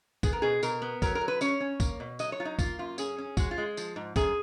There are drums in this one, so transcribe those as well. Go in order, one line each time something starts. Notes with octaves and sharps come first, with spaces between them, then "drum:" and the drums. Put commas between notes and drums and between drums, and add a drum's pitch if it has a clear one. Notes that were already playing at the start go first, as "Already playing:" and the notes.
B3 G#4, drum: kick, tambourine
A#4
B2 G#4
B2 A#4, drum: tambourine
B3
F#3 A#4, drum: kick, tambourine
A#4
F#3
B4
C#4 C#5, drum: tambourine
C#4
A#3, drum: kick, tambourine
B2
F#3 D#5, drum: tambourine
C#5
F#3 F4
D#4
A#3 F4, drum: kick, tambourine
F#2 F4
C#4 G#4, drum: tambourine
C#4
G#3 F#4, drum: kick, tambourine
F4
G#3
F3, drum: tambourine
G#2
F#2 G#4, drum: kick, tambourine